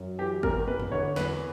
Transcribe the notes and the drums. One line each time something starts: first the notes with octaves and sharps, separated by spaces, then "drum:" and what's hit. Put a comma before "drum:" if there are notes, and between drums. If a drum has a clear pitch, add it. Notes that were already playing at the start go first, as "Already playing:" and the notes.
Already playing: F#2
E3 G4
E2 A#4, drum: kick
E2 B4
drum: tom E2
D3 C#5
E2 B4, drum: snare